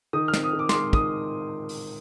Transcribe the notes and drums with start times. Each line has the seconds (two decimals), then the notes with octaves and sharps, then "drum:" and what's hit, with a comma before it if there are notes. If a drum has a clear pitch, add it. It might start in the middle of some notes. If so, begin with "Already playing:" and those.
0.13 D#3 D#6
0.28 F6
0.33 C4, drum: snare
0.44 D#6
0.53 D#3
0.59 D6
0.69 C6, drum: snare
0.73 G#3 D6
0.93 D#3 D#6, drum: kick
1.69 drum: open hi-hat